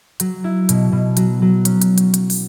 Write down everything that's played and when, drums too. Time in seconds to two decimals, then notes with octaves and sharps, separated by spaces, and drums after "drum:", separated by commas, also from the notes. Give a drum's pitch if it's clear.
0.20 F#3, drum: hi-hat
0.44 E4
0.69 B2, drum: hi-hat
0.92 B2
1.17 F#3, drum: hi-hat
1.42 F#3
1.65 C#4, drum: hi-hat
1.82 drum: hi-hat
1.98 drum: hi-hat
2.14 drum: hi-hat
2.30 drum: open hi-hat